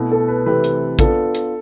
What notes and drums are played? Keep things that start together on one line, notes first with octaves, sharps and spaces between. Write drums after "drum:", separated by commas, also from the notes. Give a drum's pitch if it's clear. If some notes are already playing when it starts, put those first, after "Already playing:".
Already playing: B2 A3 E4
A4
B4
C3 E3 A3 C4 B4
drum: hi-hat
B3 D4 F4 A4, drum: kick, hi-hat
drum: hi-hat